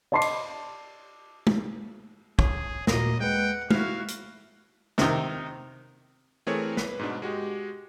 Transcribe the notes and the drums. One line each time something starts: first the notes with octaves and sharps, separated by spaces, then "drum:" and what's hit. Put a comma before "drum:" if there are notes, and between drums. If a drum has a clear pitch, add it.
D5 D#5 A5 C6 D6 C7
drum: cymbal
drum: tom
G#4 C#5, drum: kick
D#2 A#2 A#3 F#4 D#5, drum: snare
G#3 B4 F#5 G5
E4 F#4 F5 F6, drum: tom
drum: hi-hat
C3 D#3, drum: snare
E3 A3 C4 G#4 A#4 C#5
B4, drum: snare
G#2 B2 D4
G#3 F#4 G4